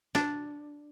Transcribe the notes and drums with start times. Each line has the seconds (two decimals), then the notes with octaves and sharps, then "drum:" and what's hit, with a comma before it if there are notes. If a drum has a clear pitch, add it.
0.15 D4, drum: snare